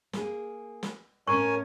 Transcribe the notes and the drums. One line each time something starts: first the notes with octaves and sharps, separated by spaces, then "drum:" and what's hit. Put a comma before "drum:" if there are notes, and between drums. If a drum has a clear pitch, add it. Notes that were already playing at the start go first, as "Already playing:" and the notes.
A#3 G#4, drum: snare
drum: snare
A2 C#4 A#4 C#5 G#5 C#6